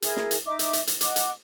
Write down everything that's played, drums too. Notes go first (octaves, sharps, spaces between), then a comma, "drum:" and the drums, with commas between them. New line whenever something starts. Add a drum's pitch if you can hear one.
E4 G#4 A#4, drum: hi-hat
drum: snare
drum: hi-hat
D#4 E5 D6
drum: hi-hat
drum: hi-hat
drum: hi-hat
D#5 F#5 D6, drum: hi-hat
drum: hi-hat